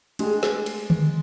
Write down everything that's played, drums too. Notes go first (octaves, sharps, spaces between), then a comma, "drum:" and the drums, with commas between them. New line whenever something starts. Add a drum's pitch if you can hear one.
G#3 A3 D4 G4, drum: cymbal
drum: snare
drum: cymbal
drum: tom D3